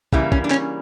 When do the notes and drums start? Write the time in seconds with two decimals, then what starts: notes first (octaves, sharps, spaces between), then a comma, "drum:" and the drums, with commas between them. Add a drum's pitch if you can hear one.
0.13 C#3 E3 G3 A#3 E4, drum: kick
0.32 C#4, drum: kick
0.44 D4
0.50 C#4, drum: clap